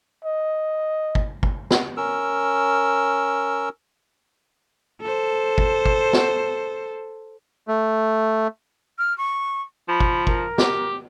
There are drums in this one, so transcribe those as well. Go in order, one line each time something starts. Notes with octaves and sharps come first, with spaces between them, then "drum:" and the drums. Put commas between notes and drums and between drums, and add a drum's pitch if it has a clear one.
D#5
drum: kick
drum: kick
drum: snare
C#4 A#4 E6
A4 C5
drum: kick
drum: kick
drum: snare
A3
F6
C#6
F3 B5
drum: kick
A#4, drum: kick
G4, drum: snare